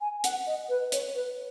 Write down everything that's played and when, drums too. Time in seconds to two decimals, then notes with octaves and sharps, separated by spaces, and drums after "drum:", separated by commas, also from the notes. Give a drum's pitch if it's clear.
0.01 G#5
0.24 F#5, drum: hi-hat
0.47 D#5
0.69 B4
0.92 C#5, drum: hi-hat
1.15 B4